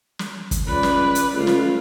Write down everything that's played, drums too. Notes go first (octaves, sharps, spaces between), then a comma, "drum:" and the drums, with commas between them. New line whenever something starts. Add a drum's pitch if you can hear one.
drum: snare
drum: kick, hi-hat
C#2 B4 D5
drum: snare
drum: hi-hat
C#2 A3 F4
drum: snare